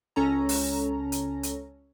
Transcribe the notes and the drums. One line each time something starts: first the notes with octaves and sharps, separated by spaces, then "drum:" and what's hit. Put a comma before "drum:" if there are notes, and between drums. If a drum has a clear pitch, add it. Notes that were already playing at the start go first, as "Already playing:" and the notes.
C#2 C#4 A4 A#5
drum: open hi-hat
drum: hi-hat
drum: hi-hat